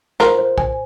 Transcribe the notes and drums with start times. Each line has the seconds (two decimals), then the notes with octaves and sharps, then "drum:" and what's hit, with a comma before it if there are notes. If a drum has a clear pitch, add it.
0.20 F4 A#4 C5, drum: snare
0.38 C5
0.58 G#5, drum: kick